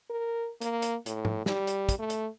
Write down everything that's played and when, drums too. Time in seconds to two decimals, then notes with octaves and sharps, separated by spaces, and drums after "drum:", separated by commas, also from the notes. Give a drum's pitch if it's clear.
0.10 A#4
0.61 A#3, drum: hi-hat
0.82 drum: hi-hat
1.06 A2, drum: hi-hat
1.25 drum: tom G#2
1.46 G3, drum: snare
1.67 drum: hi-hat
1.89 drum: kick, hi-hat
1.99 A3
2.10 drum: hi-hat